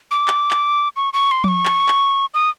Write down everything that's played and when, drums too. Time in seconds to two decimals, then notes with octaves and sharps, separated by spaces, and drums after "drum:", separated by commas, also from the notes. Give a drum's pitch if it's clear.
0.11 D6
0.28 drum: clap
0.51 drum: clap
0.96 C#6
1.13 C#6
1.31 C6
1.44 D6, drum: tom F3
1.48 C#6
1.65 drum: clap
1.88 drum: clap
2.34 D#6